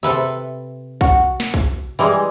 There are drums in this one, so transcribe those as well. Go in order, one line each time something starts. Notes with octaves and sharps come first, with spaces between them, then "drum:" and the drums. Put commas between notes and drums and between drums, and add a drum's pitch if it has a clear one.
C3 A4 B4 E5
F#4, drum: kick
drum: snare
drum: kick
E3 G3 G#3